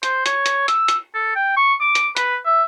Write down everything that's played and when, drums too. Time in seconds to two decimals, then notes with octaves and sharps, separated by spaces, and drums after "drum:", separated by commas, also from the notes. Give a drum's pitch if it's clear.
0.03 C5, drum: hi-hat
0.26 C#5, drum: hi-hat
0.46 drum: hi-hat
0.68 E6, drum: hi-hat
0.88 drum: hi-hat
1.14 A4
1.35 G5
1.57 C#6
1.81 D6
1.95 drum: hi-hat
2.17 B4, drum: hi-hat
2.45 E5